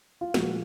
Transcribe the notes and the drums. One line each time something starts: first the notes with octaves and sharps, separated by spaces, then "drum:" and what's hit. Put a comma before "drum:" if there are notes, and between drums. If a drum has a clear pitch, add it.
F4
A#2 F3 G#3 F#4, drum: snare